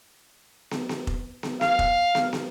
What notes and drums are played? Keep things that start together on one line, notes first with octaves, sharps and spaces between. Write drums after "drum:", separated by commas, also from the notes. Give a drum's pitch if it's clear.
drum: snare
drum: snare
drum: kick F1
drum: snare
F5, drum: snare
drum: kick F1
drum: snare
drum: snare